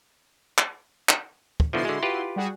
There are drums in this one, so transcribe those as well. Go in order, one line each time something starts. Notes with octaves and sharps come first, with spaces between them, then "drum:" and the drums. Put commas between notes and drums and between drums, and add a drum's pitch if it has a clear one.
drum: clap
drum: clap
drum: kick
B2 D3 F3 E4 F#4 C6
D3 G#3
F4 G4 B4
G3 F#4 G#4